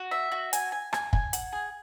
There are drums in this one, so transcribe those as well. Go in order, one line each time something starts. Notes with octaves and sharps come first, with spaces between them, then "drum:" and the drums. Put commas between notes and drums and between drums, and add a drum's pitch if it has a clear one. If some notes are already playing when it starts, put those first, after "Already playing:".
Already playing: F#4
E5
F#4
G#5, drum: hi-hat
G#5
G#5, drum: rim click
G#5, drum: kick
F#5, drum: hi-hat
G#4